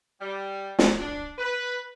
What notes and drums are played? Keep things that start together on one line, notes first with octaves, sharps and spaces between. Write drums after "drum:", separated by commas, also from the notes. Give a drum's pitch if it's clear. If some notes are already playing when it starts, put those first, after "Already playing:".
G3
drum: snare
D4
B4